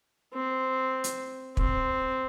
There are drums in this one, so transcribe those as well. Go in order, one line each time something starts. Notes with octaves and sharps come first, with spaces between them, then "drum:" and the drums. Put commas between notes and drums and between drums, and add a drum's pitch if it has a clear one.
C4
drum: hi-hat
C4, drum: kick